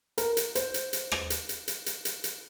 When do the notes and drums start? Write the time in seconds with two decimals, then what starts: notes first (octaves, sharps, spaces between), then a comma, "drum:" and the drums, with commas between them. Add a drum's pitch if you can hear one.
0.18 A#4, drum: hi-hat
0.37 drum: hi-hat
0.55 C5, drum: hi-hat
0.74 drum: hi-hat
0.93 drum: hi-hat
1.12 drum: rim click
1.30 drum: hi-hat
1.49 drum: hi-hat
1.68 drum: hi-hat
1.86 drum: hi-hat
2.05 drum: hi-hat
2.24 drum: hi-hat